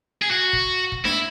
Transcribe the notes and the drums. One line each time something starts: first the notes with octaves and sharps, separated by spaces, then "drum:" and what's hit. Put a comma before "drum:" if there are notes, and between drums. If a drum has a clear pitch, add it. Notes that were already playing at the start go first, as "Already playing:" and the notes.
G#4
F#4
drum: kick
drum: kick
E4, drum: snare D4